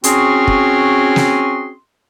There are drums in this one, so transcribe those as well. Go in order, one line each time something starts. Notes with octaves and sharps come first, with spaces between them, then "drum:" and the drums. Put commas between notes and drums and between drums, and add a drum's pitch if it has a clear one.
C4 C#4 F#4 G#4 C6, drum: hi-hat
drum: kick
drum: snare